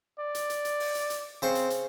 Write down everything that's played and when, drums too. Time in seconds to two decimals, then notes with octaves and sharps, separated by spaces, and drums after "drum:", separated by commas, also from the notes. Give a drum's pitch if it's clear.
0.20 D5
0.35 drum: hi-hat
0.50 drum: hi-hat
0.65 drum: hi-hat
0.80 drum: open hi-hat
0.95 drum: hi-hat
1.10 drum: hi-hat
1.42 C#3 C4 C5 C#6
1.55 drum: hi-hat
1.70 drum: hi-hat